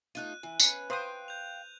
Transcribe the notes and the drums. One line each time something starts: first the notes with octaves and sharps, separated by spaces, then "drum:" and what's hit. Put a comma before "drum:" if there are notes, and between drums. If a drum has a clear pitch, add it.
A3 D#4 F4 F#6 D#7
E3
C#4 B4, drum: tambourine
B4 C5 F5 G5 D#6
G6 F7